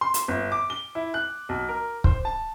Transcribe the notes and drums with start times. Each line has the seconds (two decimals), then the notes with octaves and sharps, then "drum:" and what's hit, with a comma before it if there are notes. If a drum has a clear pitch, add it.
0.01 C6
0.14 drum: hi-hat
0.28 G1
0.52 D6
0.70 G7
0.95 E4
1.14 F#6
1.49 B1
1.69 A#4
2.04 C5, drum: kick
2.25 A5